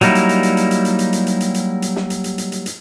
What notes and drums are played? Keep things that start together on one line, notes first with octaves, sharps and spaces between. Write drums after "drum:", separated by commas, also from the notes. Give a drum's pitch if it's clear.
F#3 G3 A#3 D#4 E4, drum: hi-hat
drum: hi-hat
drum: hi-hat
drum: hi-hat
drum: hi-hat
drum: hi-hat
drum: hi-hat
drum: hi-hat
drum: hi-hat
drum: hi-hat
drum: hi-hat
drum: hi-hat
drum: hi-hat
drum: snare
drum: hi-hat
drum: hi-hat
drum: hi-hat
drum: hi-hat
drum: hi-hat